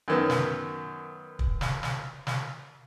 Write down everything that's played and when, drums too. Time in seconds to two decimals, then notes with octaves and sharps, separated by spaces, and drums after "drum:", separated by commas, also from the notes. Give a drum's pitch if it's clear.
0.08 F#2 D#3 B3
0.30 drum: snare
1.39 drum: kick
1.61 drum: snare
1.83 drum: snare
2.27 drum: snare